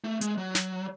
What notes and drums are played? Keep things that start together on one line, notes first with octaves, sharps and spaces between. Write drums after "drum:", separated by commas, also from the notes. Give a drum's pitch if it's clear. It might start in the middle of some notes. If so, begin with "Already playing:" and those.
A3
G#3, drum: hi-hat
F#3
drum: snare